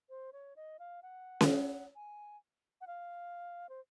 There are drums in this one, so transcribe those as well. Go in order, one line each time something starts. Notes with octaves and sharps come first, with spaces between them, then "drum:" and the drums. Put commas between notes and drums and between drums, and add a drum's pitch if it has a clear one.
C5
C#5
D#5
F5
F#5
drum: snare C#4
G#5
F#5
F5
C5